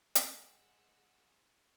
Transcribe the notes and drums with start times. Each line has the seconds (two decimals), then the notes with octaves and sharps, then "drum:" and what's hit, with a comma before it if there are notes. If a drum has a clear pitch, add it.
0.15 G#3 F#5 E6, drum: hi-hat